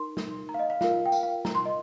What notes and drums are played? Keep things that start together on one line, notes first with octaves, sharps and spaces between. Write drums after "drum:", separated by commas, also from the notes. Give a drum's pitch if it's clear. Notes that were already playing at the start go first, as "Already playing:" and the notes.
Already playing: D#4 A#4 C6
drum: snare
A#5
F5
D#5
F5
F4 A#4 F5, drum: snare
G5
F5, drum: tambourine
F5
A#5, drum: snare
C6
D#5